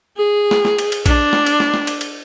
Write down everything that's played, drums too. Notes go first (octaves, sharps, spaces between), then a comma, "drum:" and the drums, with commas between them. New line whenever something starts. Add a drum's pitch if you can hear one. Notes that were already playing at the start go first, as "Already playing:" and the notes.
G#4
drum: snare
drum: snare
drum: cymbal
drum: cymbal
D4, drum: kick A#1, cymbal
drum: snare
drum: cymbal
drum: snare
drum: snare
drum: cymbal
drum: cymbal